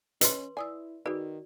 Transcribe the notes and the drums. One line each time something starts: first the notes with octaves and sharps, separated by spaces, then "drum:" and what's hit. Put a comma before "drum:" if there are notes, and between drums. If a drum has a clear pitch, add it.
C#4 B4 D#5 C6, drum: hi-hat
E4 D5 G#5 D#6 E6
D#3 D#4 F#4 G#4 B4 D5